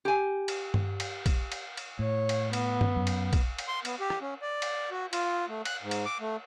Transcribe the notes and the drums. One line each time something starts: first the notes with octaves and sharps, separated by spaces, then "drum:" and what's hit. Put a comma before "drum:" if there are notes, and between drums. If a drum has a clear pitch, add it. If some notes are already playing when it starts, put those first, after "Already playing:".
G4 G#5
drum: cymbal
drum: tom G2
drum: cymbal
drum: kick A#1, cymbal
drum: cymbal
drum: cymbal
A2 C#5
drum: cymbal
B3, drum: cymbal
drum: tom G2
F#2
drum: cymbal
drum: kick A#1, cymbal
drum: cymbal
C6
B3, drum: cymbal
G4
drum: rim click
C#4
D5
drum: cymbal
F#4
F4, drum: cymbal
A3
F#6, drum: cymbal
G#2
drum: cymbal
D6
A3